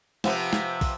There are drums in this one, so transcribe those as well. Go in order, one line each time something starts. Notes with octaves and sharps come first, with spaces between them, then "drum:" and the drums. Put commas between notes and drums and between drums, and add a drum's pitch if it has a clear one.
C3 F3 B3, drum: snare
drum: snare
drum: kick, open hi-hat